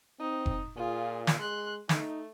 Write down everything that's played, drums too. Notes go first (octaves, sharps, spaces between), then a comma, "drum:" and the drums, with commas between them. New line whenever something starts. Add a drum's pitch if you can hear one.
C4 D#4
drum: kick F1
A#2 F4 G#4
drum: snare
G#3 C6 F#6
A3 D#4, drum: snare